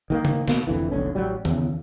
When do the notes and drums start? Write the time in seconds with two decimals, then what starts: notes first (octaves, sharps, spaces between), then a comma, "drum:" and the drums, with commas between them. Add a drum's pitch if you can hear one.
0.10 D#3 A3 A#3
0.25 drum: tom
0.48 B2 A#3, drum: snare
0.67 F1 F2 D3 E3
0.91 F1 B1 D3 C#4
1.15 A1 F#3 G3
1.45 E2 C#3, drum: tom D#3